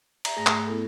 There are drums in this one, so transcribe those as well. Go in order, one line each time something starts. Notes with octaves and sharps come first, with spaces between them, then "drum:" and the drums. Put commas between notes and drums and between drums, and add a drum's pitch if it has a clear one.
E5 A#5, drum: cymbal
G#2 A3 G#4 A#6
drum: clap
B3 E4 A4